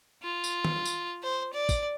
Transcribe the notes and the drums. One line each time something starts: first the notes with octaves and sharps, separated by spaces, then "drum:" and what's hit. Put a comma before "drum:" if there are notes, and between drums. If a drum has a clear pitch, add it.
F4
drum: tambourine
drum: tom D#3
drum: tambourine
C5
D5
drum: kick, tambourine